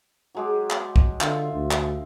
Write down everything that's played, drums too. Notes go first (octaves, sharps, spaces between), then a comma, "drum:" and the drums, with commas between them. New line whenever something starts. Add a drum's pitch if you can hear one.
F#3 G#3 G4
drum: clap
drum: kick
D3 F4 E5, drum: clap
D2
drum: clap